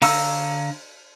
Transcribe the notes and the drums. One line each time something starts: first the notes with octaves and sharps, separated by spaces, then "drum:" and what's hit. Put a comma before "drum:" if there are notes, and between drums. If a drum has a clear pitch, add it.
D3 F5 A#5 C#6 E6, drum: open hi-hat